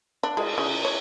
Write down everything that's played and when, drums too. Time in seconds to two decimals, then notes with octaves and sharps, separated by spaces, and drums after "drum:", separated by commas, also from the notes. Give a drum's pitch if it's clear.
0.23 D4
0.37 G#3, drum: cymbal
0.58 C#3
0.85 C#5